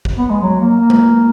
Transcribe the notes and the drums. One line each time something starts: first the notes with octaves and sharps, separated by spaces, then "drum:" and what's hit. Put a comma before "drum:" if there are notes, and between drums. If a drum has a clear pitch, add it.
drum: kick
B3
G#3
F#3
A#3
A#3
drum: tom G#3